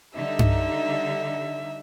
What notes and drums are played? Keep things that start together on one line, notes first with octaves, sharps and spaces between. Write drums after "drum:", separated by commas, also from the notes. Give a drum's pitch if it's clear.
D3 G3 D#4 E5
drum: tom G2